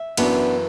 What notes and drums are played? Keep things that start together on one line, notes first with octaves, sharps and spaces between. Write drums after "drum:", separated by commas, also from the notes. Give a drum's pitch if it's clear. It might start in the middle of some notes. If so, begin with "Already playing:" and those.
Already playing: E5
F#2 E3 B3 D4, drum: cymbal